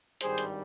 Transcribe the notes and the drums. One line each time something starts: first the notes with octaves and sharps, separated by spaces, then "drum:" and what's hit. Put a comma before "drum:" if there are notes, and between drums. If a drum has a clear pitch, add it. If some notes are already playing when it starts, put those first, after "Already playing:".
G#1 G2 D#3 G3 G#4 C5, drum: hi-hat
drum: hi-hat